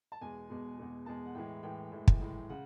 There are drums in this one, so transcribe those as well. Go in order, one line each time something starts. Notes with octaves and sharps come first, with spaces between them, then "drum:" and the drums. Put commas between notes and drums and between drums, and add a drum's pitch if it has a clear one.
A5
E2 B2 G#3 G#5
E2 B2 G#3
E2 B2 G#3
E2 B2 G#3 A5
F#5
A2 E3 G#3 G5
A2 E3 G#3 G5
A2 E3 G#3
drum: kick
A2 E3 G#3
C#3 F#5